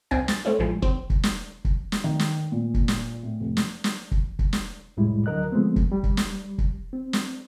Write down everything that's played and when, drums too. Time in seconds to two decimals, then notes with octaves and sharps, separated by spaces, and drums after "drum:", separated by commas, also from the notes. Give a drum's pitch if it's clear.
0.11 C2 C4 G#5
0.28 A6, drum: snare
0.45 A3 C4 C#4 E4
0.59 A#1 A2 F3 G#3
0.82 C4, drum: kick
1.10 drum: kick
1.23 drum: snare
1.65 drum: kick
1.92 drum: snare
2.04 D#3
2.19 drum: snare
2.52 A#2
2.74 drum: kick
2.88 drum: snare
3.23 A2
3.40 F1
3.57 drum: snare
3.84 drum: snare
4.11 drum: kick
4.39 drum: kick
4.53 drum: snare
4.97 C2 F2 A2 G3 G#3 E4
5.26 D2 D3 F#3 A#4 D#5 F#6
5.52 D3 F3 G#3 A3 B3 C4
5.76 drum: kick
5.92 G3
6.03 drum: kick
6.17 drum: snare
6.58 drum: kick
6.93 C4
7.13 drum: snare